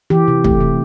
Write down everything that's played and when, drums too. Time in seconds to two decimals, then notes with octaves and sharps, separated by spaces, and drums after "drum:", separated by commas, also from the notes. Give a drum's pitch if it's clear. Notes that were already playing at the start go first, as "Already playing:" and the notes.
0.10 E3 G4
0.28 C3
0.44 A3 G4, drum: kick
0.61 C3